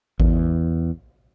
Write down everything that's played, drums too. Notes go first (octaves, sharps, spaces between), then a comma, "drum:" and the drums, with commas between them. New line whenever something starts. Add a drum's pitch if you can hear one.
E2, drum: kick G#1